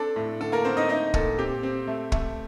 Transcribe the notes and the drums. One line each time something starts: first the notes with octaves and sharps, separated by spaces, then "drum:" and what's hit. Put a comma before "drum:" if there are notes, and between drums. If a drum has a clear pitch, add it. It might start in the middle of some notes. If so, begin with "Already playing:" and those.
Already playing: C4 D4 A4
A2
D3 A4
A#3 A#4
D3 C4 C5
D#4 D#5
A3 D#4 D#5
A#2 A4, drum: kick
C4 G4
C4
A3
A3, drum: kick